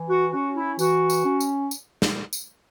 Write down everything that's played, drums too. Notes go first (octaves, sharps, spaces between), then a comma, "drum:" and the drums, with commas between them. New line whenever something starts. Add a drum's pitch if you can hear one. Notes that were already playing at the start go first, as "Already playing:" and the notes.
Already playing: E3
F#4
C#4 F#4
E4
E3 F#4, drum: tambourine
drum: tambourine
C#4
drum: tambourine
drum: tambourine
drum: snare
drum: tambourine